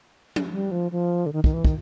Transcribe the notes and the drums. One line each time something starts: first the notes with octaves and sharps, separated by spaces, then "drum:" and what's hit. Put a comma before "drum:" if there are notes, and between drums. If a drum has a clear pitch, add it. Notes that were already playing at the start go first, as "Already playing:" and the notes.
drum: tom F3
G3
F3
F3
D3
D#3
D#3, drum: kick
E3
D#3, drum: kick